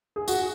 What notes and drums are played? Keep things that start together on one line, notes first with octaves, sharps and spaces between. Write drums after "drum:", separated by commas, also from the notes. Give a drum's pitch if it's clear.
G#4
F#4, drum: tambourine